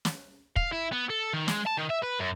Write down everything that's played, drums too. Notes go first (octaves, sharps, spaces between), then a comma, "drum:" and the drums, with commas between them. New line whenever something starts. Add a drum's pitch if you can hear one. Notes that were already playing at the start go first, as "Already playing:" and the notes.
drum: snare
F5, drum: kick
E4
B3
A4
D#3
G#3, drum: snare
A5
D#3
E5
B4
F#2